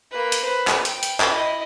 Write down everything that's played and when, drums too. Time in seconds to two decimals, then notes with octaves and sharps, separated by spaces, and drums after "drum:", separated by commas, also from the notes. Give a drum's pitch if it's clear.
0.11 A#3 B4
0.32 drum: hi-hat
0.43 B4 C5
0.67 drum: clap
0.85 G5, drum: hi-hat
1.03 drum: hi-hat
1.20 drum: clap
1.30 E4 D#5